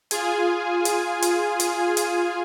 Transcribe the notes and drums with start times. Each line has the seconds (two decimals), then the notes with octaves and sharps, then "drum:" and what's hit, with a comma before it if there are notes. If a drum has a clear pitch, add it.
0.11 F4 G#4 G#5, drum: hi-hat
0.85 drum: hi-hat
1.22 drum: hi-hat
1.60 drum: hi-hat
1.97 drum: hi-hat